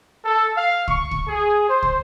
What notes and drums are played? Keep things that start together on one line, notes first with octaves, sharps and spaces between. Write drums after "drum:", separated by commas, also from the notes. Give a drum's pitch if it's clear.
A4
F5
C#6, drum: kick
drum: kick
G#4
C5
drum: kick